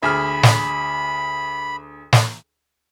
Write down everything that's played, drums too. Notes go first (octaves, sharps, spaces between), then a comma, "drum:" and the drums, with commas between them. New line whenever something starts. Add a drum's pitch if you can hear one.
D2 G#4 B5 F6
drum: snare
drum: snare